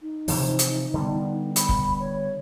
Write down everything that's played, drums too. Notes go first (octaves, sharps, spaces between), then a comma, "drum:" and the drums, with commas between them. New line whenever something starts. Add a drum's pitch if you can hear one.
D#4
C3 E3 F3, drum: open hi-hat
drum: hi-hat
D3 G3 B3
B5, drum: hi-hat
drum: kick F1
C#5